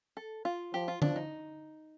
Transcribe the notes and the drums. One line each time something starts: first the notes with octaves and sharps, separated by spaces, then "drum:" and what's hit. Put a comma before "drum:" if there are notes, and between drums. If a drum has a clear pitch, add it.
A4
F4
F3 G4
F4
F3 D4, drum: tom D3
D#4